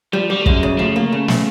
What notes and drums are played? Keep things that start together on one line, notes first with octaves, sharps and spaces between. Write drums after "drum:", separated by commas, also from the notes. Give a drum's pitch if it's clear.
F3 G3
F#3 G3
A3
F#2 G#3, drum: kick
C#3
F3 A3
A#3
C#3
C#3, drum: snare